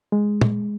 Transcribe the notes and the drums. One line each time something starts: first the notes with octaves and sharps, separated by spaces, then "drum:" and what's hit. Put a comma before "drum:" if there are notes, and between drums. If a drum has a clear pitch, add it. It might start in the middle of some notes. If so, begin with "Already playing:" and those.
G#3
drum: tom